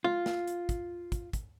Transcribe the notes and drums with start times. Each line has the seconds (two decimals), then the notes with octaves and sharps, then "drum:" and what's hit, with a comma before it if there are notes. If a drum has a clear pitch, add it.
0.04 F4, drum: tom G#3
0.26 drum: snare
0.47 drum: hi-hat
0.69 drum: kick, hi-hat
1.12 drum: kick, hi-hat
1.33 drum: kick, hi-hat